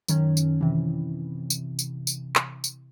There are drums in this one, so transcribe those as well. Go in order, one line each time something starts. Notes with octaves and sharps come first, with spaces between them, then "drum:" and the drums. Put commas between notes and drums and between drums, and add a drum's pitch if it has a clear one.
F#2 D#3 C#4, drum: tambourine
drum: tambourine
C3 E3
drum: tambourine
drum: tambourine
drum: tambourine
drum: clap
drum: tambourine